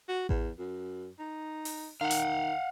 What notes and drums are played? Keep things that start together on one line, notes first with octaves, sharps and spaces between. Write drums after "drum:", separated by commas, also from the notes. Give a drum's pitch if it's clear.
F#4
E2, drum: kick A1
F#2
D#4
drum: open hi-hat
D#3 F5 F#5
drum: hi-hat